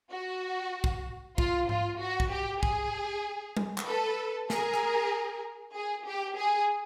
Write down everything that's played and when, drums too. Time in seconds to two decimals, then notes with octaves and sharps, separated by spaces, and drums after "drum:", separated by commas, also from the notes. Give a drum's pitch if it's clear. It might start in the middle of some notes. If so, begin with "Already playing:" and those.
0.13 F#4
0.84 drum: kick
1.38 F4, drum: kick
1.69 F4, drum: tom G#2
2.01 F#4
2.20 drum: kick
2.32 G4
2.63 G#4, drum: kick
3.57 drum: tom G3
3.78 drum: clap
3.87 A4 B4
4.50 G#4 A#4, drum: snare
4.74 drum: rim click
5.74 G#4
6.06 G4
6.37 G#4